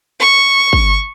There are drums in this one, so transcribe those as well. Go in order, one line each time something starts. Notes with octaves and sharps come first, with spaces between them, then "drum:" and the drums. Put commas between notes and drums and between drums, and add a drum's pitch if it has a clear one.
C#6
drum: kick